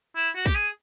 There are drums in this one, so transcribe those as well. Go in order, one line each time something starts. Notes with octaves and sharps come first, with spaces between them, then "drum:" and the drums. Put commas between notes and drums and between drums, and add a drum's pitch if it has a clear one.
E4
F#4
G4, drum: kick
G#4